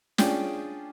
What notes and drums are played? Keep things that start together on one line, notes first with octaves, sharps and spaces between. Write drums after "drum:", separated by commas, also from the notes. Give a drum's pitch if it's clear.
C#4 D4 F4 G#4 D5 G5, drum: snare